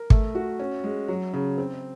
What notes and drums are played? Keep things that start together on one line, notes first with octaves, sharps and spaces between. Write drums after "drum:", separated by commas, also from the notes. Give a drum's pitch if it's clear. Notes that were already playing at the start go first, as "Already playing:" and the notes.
Already playing: A#4
A3, drum: kick
F#4
C#4
G#3
F#3
C#3
C4